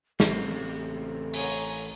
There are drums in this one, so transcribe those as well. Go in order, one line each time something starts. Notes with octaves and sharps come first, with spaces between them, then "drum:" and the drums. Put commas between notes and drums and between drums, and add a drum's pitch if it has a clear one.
A1 C#3 C4 A4, drum: snare
C#5 G#5 A#5, drum: open hi-hat